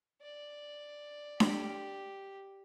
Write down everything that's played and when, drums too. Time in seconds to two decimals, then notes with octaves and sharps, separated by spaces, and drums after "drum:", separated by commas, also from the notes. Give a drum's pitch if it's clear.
0.22 D5
1.40 G4, drum: snare D4